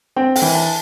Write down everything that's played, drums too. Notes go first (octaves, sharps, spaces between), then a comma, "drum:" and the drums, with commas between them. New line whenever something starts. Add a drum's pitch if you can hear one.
C4 G5
G5, drum: open hi-hat
E3
A5